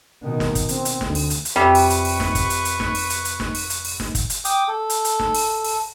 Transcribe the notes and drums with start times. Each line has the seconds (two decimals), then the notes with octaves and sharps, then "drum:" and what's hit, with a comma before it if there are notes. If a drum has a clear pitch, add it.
0.23 B2 D#3
0.40 drum: snare
0.55 drum: kick, hi-hat
0.69 B2 C4, drum: hi-hat
0.85 drum: hi-hat
1.01 D2, drum: snare
1.15 drum: open hi-hat
1.30 drum: hi-hat
1.45 drum: hi-hat
1.56 F2 C3 G3 B4 C#6
1.75 drum: open hi-hat
1.90 drum: hi-hat
2.05 drum: open hi-hat
2.20 drum: snare
2.35 drum: kick, hi-hat
2.50 drum: hi-hat
2.65 drum: hi-hat
2.80 drum: snare
2.95 drum: open hi-hat
3.10 drum: hi-hat
3.25 drum: hi-hat
3.40 drum: snare
3.55 drum: open hi-hat
3.70 drum: hi-hat
3.85 drum: open hi-hat
4.00 drum: snare
4.15 drum: kick, hi-hat
4.30 drum: hi-hat
4.45 G5 D6 D#6, drum: hi-hat
4.68 A4
4.90 drum: hi-hat
5.05 drum: hi-hat
5.20 drum: snare
5.35 drum: open hi-hat
5.64 drum: open hi-hat